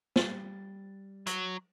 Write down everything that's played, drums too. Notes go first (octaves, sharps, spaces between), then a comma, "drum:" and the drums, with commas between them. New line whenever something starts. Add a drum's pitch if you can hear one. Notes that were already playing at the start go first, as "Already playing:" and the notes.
G3 A6, drum: snare
F#3, drum: hi-hat